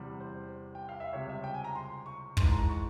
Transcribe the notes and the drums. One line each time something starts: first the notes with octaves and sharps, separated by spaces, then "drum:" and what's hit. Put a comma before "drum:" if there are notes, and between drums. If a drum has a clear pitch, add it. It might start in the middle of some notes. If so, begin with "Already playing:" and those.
Already playing: E2 C3 G3
C5
G5
F5
E5
C#2 C3 G3 C#5
E5
G5
G#5
A#5
C6
C#6
G#2 E3 G#3 C6, drum: kick
A#5
A#5
C#6